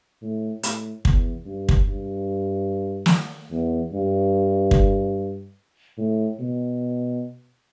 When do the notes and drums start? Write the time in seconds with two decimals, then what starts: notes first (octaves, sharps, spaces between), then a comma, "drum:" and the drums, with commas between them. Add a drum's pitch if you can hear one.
0.22 A2
0.63 A2, drum: hi-hat
1.05 E2, drum: kick
1.46 G2
1.69 drum: kick
1.87 G2
3.06 drum: snare
3.51 E2
3.92 G2
4.71 drum: kick
5.98 A2
6.39 B2